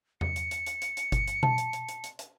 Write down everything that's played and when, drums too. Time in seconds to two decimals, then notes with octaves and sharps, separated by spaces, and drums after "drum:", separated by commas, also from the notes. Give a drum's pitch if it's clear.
0.21 C#7, drum: tom E2
0.36 drum: hi-hat
0.51 drum: hi-hat
0.67 drum: hi-hat
0.82 drum: hi-hat
0.97 drum: hi-hat
1.12 drum: kick G1, hi-hat
1.28 drum: hi-hat
1.43 A5, drum: tom B2
1.58 drum: hi-hat
1.73 drum: hi-hat
1.89 drum: hi-hat
2.04 drum: hi-hat
2.19 drum: hi-hat